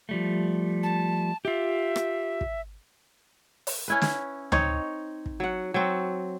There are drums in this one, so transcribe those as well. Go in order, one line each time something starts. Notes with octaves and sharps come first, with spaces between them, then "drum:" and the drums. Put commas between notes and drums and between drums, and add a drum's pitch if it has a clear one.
F3 G3 A3
A5
F4 G4 E5
drum: rim click
drum: kick
drum: open hi-hat
C#4 E4 B4
drum: snare
C4 D#4 C#5, drum: tom D2
drum: kick
F#3 F#5
F#3 C4 F#4